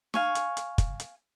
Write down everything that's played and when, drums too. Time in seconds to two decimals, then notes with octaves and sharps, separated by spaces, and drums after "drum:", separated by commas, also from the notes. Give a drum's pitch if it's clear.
0.14 F5 G#5 C#6, drum: snare
0.35 drum: hi-hat
0.57 drum: hi-hat
0.78 drum: kick, hi-hat
1.00 drum: hi-hat